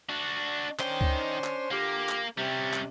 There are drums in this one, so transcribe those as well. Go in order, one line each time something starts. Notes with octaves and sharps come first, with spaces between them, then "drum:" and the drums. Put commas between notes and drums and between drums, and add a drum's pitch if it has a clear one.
D4 F#4
D#3 C#4 D4 C5 G5, drum: clap
drum: kick C#2
drum: clap
D3 A#3 F4 G4
drum: clap
C3 G3 C#4
drum: clap